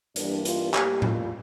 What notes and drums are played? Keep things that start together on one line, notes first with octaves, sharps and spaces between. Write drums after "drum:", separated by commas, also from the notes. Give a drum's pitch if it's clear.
G2 E3 G3 A#3 D4, drum: hi-hat
F4, drum: hi-hat
A2 G3 A#3 G4, drum: clap
F4, drum: tom A2